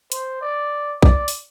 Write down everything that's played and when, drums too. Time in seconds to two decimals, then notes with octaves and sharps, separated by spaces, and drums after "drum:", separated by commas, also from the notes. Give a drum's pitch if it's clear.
0.12 C5, drum: hi-hat
0.41 D5
1.02 D5, drum: kick B1
1.28 drum: open hi-hat